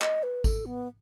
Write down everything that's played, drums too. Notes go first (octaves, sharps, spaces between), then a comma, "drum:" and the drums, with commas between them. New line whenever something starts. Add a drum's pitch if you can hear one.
D#5, drum: clap
B4
A4, drum: kick G#1, tambourine
B3